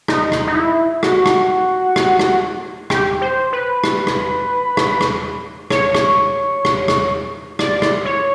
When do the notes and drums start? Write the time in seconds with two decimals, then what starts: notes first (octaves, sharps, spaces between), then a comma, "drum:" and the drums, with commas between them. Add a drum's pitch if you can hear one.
0.08 D#4, drum: rim click
0.32 drum: rim click
0.47 D#4
0.55 E4
1.03 F#4, drum: rim click
1.26 drum: rim click
1.96 drum: rim click
2.19 drum: rim click
2.90 G4, drum: rim click
3.21 C5
3.53 B4
3.84 drum: rim click
4.07 drum: rim click
4.77 drum: rim click
5.01 drum: rim click
5.70 C#5, drum: rim click
5.95 drum: rim click
6.65 drum: rim click
6.88 drum: rim click
7.59 D5, drum: rim click
7.82 drum: rim click
8.05 C#5